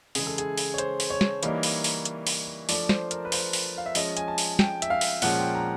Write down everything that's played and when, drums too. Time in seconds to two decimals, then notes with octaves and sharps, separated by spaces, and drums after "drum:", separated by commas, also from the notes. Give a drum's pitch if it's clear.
0.15 C#3 E3 G#3 G#4, drum: open hi-hat
0.27 A4
0.38 G#4, drum: hi-hat
0.58 drum: open hi-hat
0.74 C#5
0.78 C5, drum: hi-hat
1.00 drum: open hi-hat
1.10 C#5
1.21 drum: snare
1.43 E3 G3 A#3 D#4, drum: hi-hat
1.63 drum: open hi-hat
1.84 drum: open hi-hat
2.05 drum: hi-hat
2.27 drum: open hi-hat
2.69 F3 A3 D4 D5, drum: open hi-hat
2.89 C5, drum: snare
3.11 A#4, drum: hi-hat
3.25 B4
3.32 C5, drum: open hi-hat
3.53 drum: open hi-hat
3.78 F5
3.86 E5
3.95 F3 G#3 C#4 D#5, drum: open hi-hat
4.17 G#5, drum: hi-hat
4.28 A5
4.38 drum: open hi-hat
4.59 G5, drum: snare
4.82 E5, drum: hi-hat
4.90 F5
5.01 drum: open hi-hat
5.22 A#2 F3 G#3 C#4 F#5, drum: open hi-hat
5.38 G5
5.55 A#5